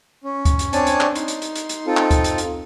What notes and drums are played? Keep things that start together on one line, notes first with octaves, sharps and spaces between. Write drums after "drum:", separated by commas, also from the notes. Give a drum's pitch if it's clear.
C#4
drum: kick, hi-hat
drum: hi-hat
C4 D4 C#5 D5 G#5 A5, drum: hi-hat
drum: hi-hat
drum: clap
D#4 C6, drum: hi-hat
drum: hi-hat
drum: hi-hat
drum: hi-hat
drum: hi-hat
C4 D#4 F4 A4
drum: clap
drum: kick, hi-hat
drum: hi-hat
drum: hi-hat